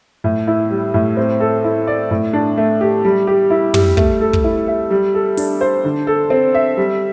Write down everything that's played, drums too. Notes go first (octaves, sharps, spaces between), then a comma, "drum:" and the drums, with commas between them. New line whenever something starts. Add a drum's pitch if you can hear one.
A2
E4
G3
A2
C4
A4
E4
D5
A2
D4
A3
G4
G3
G4
E4
G3, drum: tom
A3, drum: kick
A4
drum: kick
E4
E5
G3
A4
D4, drum: open hi-hat
C5
D3
A4
C4
E5
G3